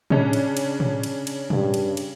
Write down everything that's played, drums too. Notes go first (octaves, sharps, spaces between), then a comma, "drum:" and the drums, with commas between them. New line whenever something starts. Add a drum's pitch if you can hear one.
C#3 C#4 D4, drum: tom
drum: cymbal
drum: cymbal
drum: tom
drum: cymbal
drum: cymbal
G2, drum: tom
drum: cymbal
drum: cymbal